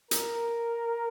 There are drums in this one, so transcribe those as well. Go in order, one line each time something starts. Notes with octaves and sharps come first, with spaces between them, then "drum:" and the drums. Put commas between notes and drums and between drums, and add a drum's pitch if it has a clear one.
A#4, drum: hi-hat